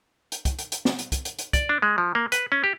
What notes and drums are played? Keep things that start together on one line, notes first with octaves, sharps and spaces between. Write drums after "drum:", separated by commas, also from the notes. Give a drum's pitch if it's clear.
drum: hi-hat
drum: kick, hi-hat
drum: hi-hat
drum: hi-hat
drum: snare
drum: hi-hat
drum: kick, hi-hat
drum: hi-hat
drum: hi-hat
D5, drum: kick, hi-hat
D4
G#3
F3
A#3
B4, drum: hi-hat
C#4
G4